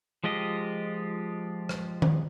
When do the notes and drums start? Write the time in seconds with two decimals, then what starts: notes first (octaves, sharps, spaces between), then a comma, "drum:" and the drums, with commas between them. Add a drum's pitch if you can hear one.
0.24 F3 G#3 F4 G4 D#5
1.69 drum: rim click
2.02 drum: tom D#3